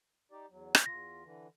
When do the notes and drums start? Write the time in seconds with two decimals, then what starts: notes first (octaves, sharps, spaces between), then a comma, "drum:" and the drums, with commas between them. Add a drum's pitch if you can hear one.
0.31 D#4 G4 D5
0.50 E2 F#3
0.75 drum: rim click
0.86 E2 F4 A#6
1.24 D3 E3